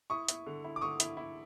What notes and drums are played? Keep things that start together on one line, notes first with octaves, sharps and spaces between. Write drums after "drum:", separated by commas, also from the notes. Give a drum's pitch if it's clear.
E4 C#6 D#6
E4, drum: hi-hat
D3
E4
D6
D3 C#6 D#6
E4, drum: hi-hat
E4